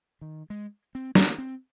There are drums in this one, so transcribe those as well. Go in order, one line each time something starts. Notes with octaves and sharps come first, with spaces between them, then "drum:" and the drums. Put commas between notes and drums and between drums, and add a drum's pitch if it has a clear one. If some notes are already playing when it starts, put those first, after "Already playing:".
D#3
G#3
C4
A#3, drum: snare
C4